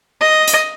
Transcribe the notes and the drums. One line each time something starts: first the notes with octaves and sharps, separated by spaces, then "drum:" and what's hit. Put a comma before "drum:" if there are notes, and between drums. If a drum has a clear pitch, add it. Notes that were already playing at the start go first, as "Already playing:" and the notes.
D#5
drum: hi-hat